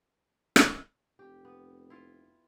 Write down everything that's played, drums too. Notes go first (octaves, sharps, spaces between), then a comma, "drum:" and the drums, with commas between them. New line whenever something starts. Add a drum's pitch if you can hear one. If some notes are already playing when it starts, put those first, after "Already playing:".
drum: rim click
F1 G4
B3
E4 F4